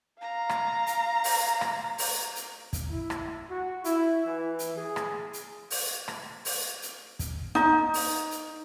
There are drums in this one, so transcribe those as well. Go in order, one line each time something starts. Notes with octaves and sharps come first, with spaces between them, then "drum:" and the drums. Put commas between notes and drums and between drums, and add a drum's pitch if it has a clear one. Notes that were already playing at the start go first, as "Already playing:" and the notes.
F5 A#5
drum: rim click
drum: hi-hat
drum: open hi-hat
drum: rim click
drum: open hi-hat
drum: hi-hat
drum: kick, hi-hat
E4
drum: rim click
F#4
E4, drum: hi-hat
E3
drum: hi-hat
G#4
drum: rim click
drum: hi-hat
drum: open hi-hat
drum: rim click
drum: open hi-hat
drum: hi-hat
drum: kick, hi-hat
D#4, drum: rim click
drum: open hi-hat
drum: hi-hat